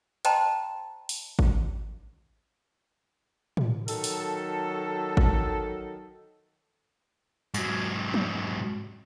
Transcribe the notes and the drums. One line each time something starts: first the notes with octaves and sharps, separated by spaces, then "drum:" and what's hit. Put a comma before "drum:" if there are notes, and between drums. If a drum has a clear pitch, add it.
C5 D#5 G5 A5 A#5 C6, drum: hi-hat
drum: open hi-hat
drum: kick G#1
drum: tom A2
D#3 F#3 A4, drum: open hi-hat
drum: open hi-hat
drum: kick G#1
G#2 F#3, drum: tambourine
drum: tom F3